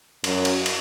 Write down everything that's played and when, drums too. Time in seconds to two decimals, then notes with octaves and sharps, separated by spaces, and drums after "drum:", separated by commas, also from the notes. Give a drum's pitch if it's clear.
0.24 F#2, drum: cymbal
0.45 drum: cymbal
0.66 drum: cymbal